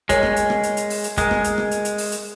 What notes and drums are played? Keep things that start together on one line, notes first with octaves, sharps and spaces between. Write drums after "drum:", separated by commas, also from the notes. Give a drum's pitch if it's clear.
G#3 A#4 C#5 G#5, drum: kick, hi-hat
drum: rim click
drum: hi-hat
drum: rim click
drum: hi-hat
drum: hi-hat
drum: open hi-hat
drum: hi-hat
G#3 A#4 D#5 G#5, drum: kick, hi-hat
drum: rim click
drum: hi-hat
drum: rim click
drum: hi-hat
drum: hi-hat
drum: open hi-hat
drum: hi-hat